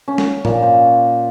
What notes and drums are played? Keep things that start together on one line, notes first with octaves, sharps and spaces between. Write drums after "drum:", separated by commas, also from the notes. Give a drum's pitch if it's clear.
C#4
drum: snare
A#2, drum: tom G#2
C5